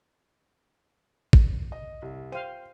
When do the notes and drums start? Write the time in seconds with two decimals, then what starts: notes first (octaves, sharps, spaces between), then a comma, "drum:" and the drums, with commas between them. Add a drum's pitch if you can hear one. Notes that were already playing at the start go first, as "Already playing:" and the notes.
1.33 drum: kick
1.72 D#5
2.02 C2
2.32 C5 F5 G5 D#7